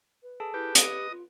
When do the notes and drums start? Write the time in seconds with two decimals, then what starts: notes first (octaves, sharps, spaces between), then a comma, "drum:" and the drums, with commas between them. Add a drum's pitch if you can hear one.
0.23 B4
0.40 G#4 A4 A5
0.54 E4 G4 B4
0.75 G4 D#5 D#6, drum: hi-hat
1.11 F4